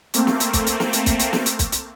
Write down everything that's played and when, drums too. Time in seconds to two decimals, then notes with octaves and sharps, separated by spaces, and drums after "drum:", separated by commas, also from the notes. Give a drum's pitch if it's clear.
0.14 A3 A#3 C4, drum: hi-hat
0.27 drum: snare
0.40 drum: hi-hat
0.53 drum: kick, hi-hat
0.67 drum: hi-hat
0.80 drum: snare
0.93 drum: hi-hat
1.06 drum: kick, hi-hat
1.19 drum: hi-hat
1.33 drum: snare
1.46 drum: hi-hat
1.59 drum: kick, hi-hat
1.72 drum: hi-hat